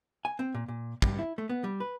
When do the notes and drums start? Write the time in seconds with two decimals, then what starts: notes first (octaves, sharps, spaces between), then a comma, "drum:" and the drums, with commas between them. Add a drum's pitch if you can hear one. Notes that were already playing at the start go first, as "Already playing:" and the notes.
0.25 G#5
0.39 C4
0.54 A#2
0.68 A#2
1.02 G2, drum: kick
1.19 E4
1.38 A3
1.49 B3
1.64 G3
1.80 B4